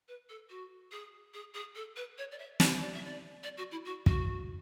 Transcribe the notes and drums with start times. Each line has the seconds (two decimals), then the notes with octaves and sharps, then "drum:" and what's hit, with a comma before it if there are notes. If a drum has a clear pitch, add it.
0.08 B4
0.29 A4
0.50 F#4
0.92 G#4
1.34 G#4
1.54 G#4
1.75 A4
1.96 B4
2.18 C#5
2.32 D5
2.39 E5
2.60 D5, drum: snare
2.80 D5
2.94 E5
3.05 D5
3.43 D5
3.57 F#4
3.71 E4
3.85 F#4
4.06 F#4, drum: kick